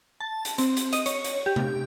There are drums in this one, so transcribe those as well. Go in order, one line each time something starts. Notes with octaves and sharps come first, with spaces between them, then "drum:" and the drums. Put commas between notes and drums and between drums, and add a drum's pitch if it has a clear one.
A5
drum: hi-hat
C4, drum: hi-hat
drum: hi-hat
D#5, drum: hi-hat
C#5, drum: hi-hat
drum: hi-hat
G4
drum: tom C3